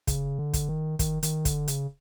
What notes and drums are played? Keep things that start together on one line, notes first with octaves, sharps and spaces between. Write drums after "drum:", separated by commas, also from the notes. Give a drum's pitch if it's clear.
C#3, drum: kick, hi-hat
D3
drum: kick, hi-hat
D#3
D#3, drum: kick, hi-hat
D#3, drum: hi-hat
D3, drum: kick, hi-hat
C#3, drum: hi-hat